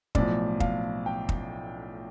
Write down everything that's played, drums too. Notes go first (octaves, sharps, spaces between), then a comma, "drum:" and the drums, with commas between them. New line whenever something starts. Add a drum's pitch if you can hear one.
B1 A2 F3 D5, drum: kick
F5, drum: kick
G5
drum: kick